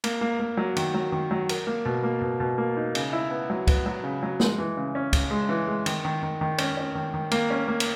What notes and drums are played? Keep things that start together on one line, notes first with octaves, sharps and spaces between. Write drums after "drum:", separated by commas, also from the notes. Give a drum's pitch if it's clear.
A#3, drum: cymbal
A#3
A#3
F#3
D#3, drum: cymbal
F#3
D#3
F#3
A#4, drum: cymbal
A#3
B2
A#3
B2
B2
A#3
D#4
C#3, drum: cymbal
E4
B3
F#3
B3, drum: kick, cymbal
F#3
C#3
F#3
G#3, drum: snare
E3
C#3
C#4
C#3, drum: kick, cymbal
G#3
E3
G#3
D#3, drum: cymbal
D#3
D#3
D#3
C#4, drum: cymbal
C#4
D#3
D#3
A#3, drum: cymbal
C#4
A#3
drum: cymbal